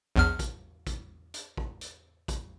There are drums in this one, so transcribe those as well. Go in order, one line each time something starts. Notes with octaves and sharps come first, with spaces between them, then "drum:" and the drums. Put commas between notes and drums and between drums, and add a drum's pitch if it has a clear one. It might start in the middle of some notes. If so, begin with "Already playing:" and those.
A#1 E2 F6
drum: kick, hi-hat
drum: kick, hi-hat
drum: hi-hat
drum: kick
drum: hi-hat
drum: kick, hi-hat